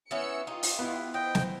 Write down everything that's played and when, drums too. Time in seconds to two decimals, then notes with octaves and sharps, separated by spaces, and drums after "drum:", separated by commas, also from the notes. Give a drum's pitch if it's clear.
0.11 E3 B3 C#4 E6 C#7
0.47 D#4 F4 G4
0.63 drum: open hi-hat
0.79 B3 E4
1.14 C5 D#5 G5
1.35 drum: snare